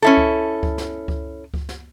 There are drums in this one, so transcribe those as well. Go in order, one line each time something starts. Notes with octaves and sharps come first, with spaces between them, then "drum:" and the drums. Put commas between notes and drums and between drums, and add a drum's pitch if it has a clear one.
C#4 E4 A4
drum: kick C#2
drum: kick C#2
drum: snare
drum: kick C#2
drum: kick C#2
drum: snare